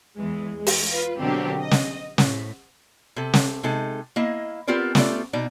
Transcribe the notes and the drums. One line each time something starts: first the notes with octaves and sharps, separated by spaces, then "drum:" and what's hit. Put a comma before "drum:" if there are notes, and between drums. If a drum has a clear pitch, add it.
E2 E3 G#3
G#3
drum: open hi-hat
F4 B4
B2 D3 F#3 C4 G4 A#4
D#5
drum: snare
A2, drum: snare
C3 A4
drum: snare
C3 G#3 D#4 A4
A#3 E4 D#5 F5
B3 C4 F4 G4 A#4 D5
A3 B3 F4 G4 A4 D5, drum: snare
B2 D#4 D5